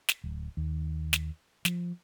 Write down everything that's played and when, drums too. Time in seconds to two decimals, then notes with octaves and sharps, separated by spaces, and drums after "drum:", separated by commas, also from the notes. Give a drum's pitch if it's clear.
0.09 drum: snare
0.24 D1
0.57 D#2
1.13 drum: snare
1.65 F3, drum: snare